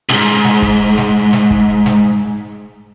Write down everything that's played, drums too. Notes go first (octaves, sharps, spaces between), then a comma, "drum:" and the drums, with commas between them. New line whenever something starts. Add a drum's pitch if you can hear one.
C#2 G#2, drum: snare
drum: snare
drum: kick
drum: snare
drum: snare
drum: kick
drum: snare